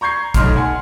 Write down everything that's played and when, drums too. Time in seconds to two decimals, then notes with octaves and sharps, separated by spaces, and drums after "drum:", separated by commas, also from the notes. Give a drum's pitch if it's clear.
0.01 A#5 C#6 G6 G#6 C7
0.34 F1 B1 D#4 A5 C6 F6, drum: kick, hi-hat
0.56 F#5 G#5 C6